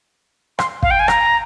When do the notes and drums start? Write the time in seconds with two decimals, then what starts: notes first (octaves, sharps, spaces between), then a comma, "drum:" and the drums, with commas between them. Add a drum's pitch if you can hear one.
0.59 C6, drum: rim click
0.83 F5, drum: kick
0.91 G5
1.00 G#5
1.08 A#5, drum: rim click